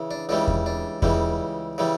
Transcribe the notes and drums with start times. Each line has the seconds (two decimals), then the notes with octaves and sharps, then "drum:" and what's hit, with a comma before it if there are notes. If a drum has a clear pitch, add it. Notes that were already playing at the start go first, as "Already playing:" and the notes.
Already playing: C#3 E3
0.11 D4
0.29 C#2 C#3 E3 G3 D4
0.48 drum: kick E2
0.66 D4
1.02 C#2 C#3 E3 G3, drum: kick E2
1.78 C#3 E3 G3